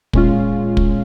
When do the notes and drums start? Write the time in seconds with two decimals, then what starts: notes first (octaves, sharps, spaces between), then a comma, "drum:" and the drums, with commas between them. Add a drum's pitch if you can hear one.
0.13 A#2 G#3 C#4 F4, drum: kick
0.77 drum: kick